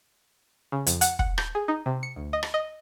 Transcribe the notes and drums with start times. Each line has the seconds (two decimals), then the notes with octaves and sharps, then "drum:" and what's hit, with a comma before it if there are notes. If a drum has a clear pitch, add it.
0.72 C#3
0.87 F2, drum: hi-hat
1.01 F#5, drum: hi-hat
1.19 F#5, drum: kick
1.38 G6, drum: rim click
1.55 G#4
1.68 D#4
1.86 C3
2.03 C#7
2.16 D2
2.33 D#5
2.43 drum: rim click
2.54 D#5